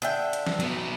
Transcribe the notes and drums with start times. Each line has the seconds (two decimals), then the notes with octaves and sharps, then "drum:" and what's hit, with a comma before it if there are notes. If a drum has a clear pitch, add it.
0.02 D3 E5 G5
0.33 drum: hi-hat
0.47 drum: snare
0.60 F#3 B3, drum: hi-hat